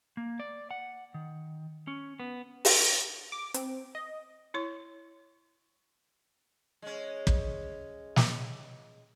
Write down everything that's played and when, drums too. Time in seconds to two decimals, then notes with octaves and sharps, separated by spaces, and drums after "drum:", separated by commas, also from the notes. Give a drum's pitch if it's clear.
0.17 A#3
0.40 D5
0.71 F#5
1.14 D#3
1.88 C#4
2.20 B3
2.65 drum: open hi-hat
3.32 D6
3.54 C4, drum: hi-hat
3.95 D#5
4.54 E4 C#5 C#6
6.82 G#3 C#4
7.27 drum: kick
8.16 drum: snare